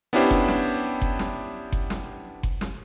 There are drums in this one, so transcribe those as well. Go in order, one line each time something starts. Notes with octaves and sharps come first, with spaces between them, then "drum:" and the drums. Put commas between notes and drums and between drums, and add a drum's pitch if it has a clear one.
B3 C#4 D4 E4 G4 C5
drum: kick F#1
drum: snare
drum: kick F#1
drum: snare
drum: kick F#1
drum: snare
drum: kick F#1
drum: snare